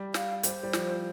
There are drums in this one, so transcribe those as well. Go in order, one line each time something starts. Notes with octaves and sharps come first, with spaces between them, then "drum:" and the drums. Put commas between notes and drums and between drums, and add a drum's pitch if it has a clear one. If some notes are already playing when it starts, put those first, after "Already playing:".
Already playing: G3
F5, drum: snare
G3 C5, drum: hi-hat
G3
F3, drum: snare